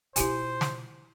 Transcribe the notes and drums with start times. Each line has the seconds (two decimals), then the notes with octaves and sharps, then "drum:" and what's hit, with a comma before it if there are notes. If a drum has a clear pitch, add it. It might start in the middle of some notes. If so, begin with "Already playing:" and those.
0.16 B2 E4 F4 G4 C5 G#5, drum: hi-hat
0.61 drum: snare